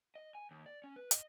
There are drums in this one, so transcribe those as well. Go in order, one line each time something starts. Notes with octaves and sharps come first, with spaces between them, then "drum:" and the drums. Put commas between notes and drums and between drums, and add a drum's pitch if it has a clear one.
D#5
G#5
D#2
D5
C#4
B4
D#5, drum: hi-hat